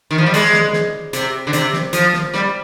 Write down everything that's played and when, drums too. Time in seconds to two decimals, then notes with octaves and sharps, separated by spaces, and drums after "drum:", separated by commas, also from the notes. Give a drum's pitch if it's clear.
0.11 D#3
0.18 F3
0.26 G3
0.34 G#3, drum: hi-hat
0.53 drum: snare
0.73 drum: snare
1.13 C3, drum: hi-hat
1.47 D3
1.53 C3, drum: hi-hat
1.73 drum: snare
1.93 F3, drum: hi-hat
2.13 drum: snare
2.34 G3, drum: snare